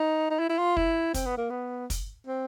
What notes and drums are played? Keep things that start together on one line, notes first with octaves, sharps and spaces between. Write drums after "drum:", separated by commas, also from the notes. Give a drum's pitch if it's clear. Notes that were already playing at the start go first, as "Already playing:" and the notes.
Already playing: D#4
D#4
E4
E4
F4
E4, drum: kick
C4, drum: kick, hi-hat
B3
A#3
B3
drum: kick, hi-hat
C4